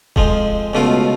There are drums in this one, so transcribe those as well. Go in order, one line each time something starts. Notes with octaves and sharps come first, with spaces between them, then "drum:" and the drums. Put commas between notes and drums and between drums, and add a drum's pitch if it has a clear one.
F2 F3 G#3, drum: kick D#1
C#2 B2 A3 F4